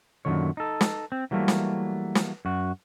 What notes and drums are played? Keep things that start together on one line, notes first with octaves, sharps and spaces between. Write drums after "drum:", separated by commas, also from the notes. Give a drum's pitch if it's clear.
F#2 A#2 D3 D#3 C#5
D#4 A4
drum: snare
C4
E3 F#3 G3 A3 A#3
drum: snare
drum: snare
F#2 F#4